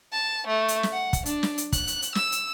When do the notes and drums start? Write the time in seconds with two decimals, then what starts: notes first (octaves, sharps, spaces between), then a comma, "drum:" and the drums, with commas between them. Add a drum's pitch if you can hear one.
0.12 A5
0.47 A3
0.68 drum: hi-hat
0.83 drum: snare
0.93 F#5
1.13 drum: kick, hi-hat
1.26 D4, drum: hi-hat
1.43 drum: snare
1.58 drum: hi-hat
1.72 F#6, drum: kick, hi-hat
1.87 drum: hi-hat
2.02 drum: hi-hat
2.15 E6, drum: snare
2.32 drum: hi-hat